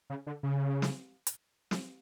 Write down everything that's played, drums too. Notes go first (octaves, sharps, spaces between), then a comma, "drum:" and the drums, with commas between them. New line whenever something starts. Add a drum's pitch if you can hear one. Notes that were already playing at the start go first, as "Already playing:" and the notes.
C#3
D3
C#3
drum: snare
drum: hi-hat
drum: snare